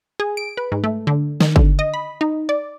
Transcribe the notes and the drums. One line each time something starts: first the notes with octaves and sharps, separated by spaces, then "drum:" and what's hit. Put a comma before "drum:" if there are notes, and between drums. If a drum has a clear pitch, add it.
G#4
D7
B4
G#2
A3
D3
D#3, drum: snare
D3, drum: kick
D#5
B5
D#4
D5